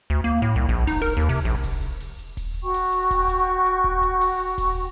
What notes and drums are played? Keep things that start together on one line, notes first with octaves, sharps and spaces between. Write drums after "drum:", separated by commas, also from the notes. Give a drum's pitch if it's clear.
D2
A#3
A2
C2
A#1, drum: hi-hat
D#4, drum: kick D#1, open hi-hat
A#4
D#2
C3, drum: open hi-hat
A#1, drum: hi-hat
drum: kick D#1, open hi-hat
drum: hi-hat
drum: open hi-hat
drum: hi-hat
drum: kick D#1, open hi-hat
F#4 G5 C#6
drum: open hi-hat
drum: hi-hat
drum: kick D#1, open hi-hat
drum: hi-hat
drum: hi-hat
drum: kick D#1
drum: hi-hat
drum: open hi-hat
drum: hi-hat
drum: kick D#1, open hi-hat